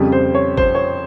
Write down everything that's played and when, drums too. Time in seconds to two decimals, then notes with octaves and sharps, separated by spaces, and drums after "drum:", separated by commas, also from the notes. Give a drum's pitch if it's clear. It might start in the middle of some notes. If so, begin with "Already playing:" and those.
Already playing: F2 C#3 G3
0.12 C5
0.35 C#5
0.57 C5, drum: kick G#1
0.75 C#5